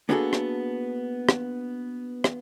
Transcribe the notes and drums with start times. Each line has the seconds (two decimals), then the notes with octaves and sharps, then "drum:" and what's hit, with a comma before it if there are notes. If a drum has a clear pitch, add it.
0.09 A#3 B3 D4 F#4 G#4 A4
0.33 drum: rim click
1.29 drum: rim click
2.24 drum: rim click